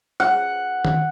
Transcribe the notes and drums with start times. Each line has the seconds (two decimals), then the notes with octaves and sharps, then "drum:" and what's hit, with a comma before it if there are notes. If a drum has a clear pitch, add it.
0.20 F#5
0.85 drum: tom D#3